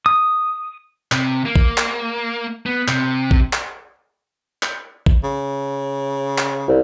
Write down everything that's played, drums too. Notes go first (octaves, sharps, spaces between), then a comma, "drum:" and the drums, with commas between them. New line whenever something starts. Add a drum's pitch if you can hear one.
D#6
C3, drum: clap
A#3
drum: kick A1
drum: clap
B3
C3, drum: clap
drum: kick A1
drum: clap
drum: clap
drum: kick A1
C#3
drum: clap
C2